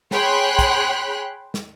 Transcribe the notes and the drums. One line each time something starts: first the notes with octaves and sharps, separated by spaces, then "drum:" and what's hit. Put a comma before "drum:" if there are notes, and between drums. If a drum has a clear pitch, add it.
G#4 C#5 G5 B5 C6 F#6, drum: snare
drum: kick, hi-hat
drum: snare